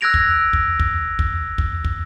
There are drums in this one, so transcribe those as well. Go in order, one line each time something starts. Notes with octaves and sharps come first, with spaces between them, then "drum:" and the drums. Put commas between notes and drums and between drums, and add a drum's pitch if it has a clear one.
E6 F#6 G#6 A#6 D7 F7
drum: kick
drum: kick
drum: kick
drum: kick
drum: kick
drum: kick